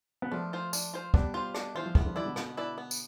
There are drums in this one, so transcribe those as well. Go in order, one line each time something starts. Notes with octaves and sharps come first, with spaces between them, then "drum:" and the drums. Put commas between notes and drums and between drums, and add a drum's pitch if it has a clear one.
B3
F3 A3 D4
F4 C5
D4, drum: tambourine
F4 C5
G3 B3 D4, drum: kick
F4 C5
D4, drum: rim click
E3 F4 C5
F3
E3 G3 B3, drum: kick
D3 F3
E3 G3 E4 B4 D5
B2 D3
B2 D3 B3, drum: rim click
E4 B4 D5
B3
drum: tambourine